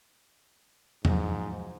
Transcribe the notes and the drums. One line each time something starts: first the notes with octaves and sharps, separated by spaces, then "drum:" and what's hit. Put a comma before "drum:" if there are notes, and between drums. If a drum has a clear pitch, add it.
G#2 F3 F#3, drum: tom E2